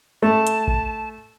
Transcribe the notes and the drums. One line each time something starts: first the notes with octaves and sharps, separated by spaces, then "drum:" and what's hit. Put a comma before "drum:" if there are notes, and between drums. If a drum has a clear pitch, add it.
A3 A5
drum: hi-hat
drum: kick A1